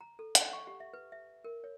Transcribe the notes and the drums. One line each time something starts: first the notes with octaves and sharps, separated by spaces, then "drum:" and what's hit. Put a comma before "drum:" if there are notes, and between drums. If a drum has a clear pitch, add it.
A#5
A4
F#5, drum: hi-hat
C#6
G4
E5
B4
E5
A#4
C#5